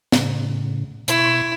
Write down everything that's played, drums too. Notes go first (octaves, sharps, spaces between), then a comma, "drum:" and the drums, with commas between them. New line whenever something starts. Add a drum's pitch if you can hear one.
A2 C#3, drum: snare
B2 E4 C6 C#6, drum: hi-hat